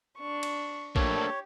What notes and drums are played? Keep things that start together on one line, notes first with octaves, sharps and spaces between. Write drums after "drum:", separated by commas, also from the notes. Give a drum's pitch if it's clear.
D4 C#6
drum: cymbal
A3 A#3 D4 G4 C#5, drum: kick A#1